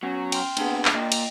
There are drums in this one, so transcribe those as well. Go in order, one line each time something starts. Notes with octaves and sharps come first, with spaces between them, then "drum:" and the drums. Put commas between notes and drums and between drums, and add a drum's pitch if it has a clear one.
F#3 B3 C#4
G5 C6 F6, drum: cymbal
C3 A#3 B3 D4 G#4, drum: cymbal
drum: clap
A#2 D#5 G5
drum: cymbal